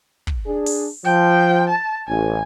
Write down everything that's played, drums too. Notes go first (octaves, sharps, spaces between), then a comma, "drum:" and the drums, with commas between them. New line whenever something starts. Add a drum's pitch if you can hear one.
drum: kick
D4 G#4
drum: open hi-hat
F3 G5
A5
A1 G#5